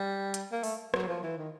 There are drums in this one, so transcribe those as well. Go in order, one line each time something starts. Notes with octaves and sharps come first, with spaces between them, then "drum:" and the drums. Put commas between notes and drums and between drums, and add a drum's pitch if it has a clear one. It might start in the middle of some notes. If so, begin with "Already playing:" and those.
Already playing: G3
drum: hi-hat
A#3
A3, drum: open hi-hat
F#3, drum: rim click
F3
E3
D#3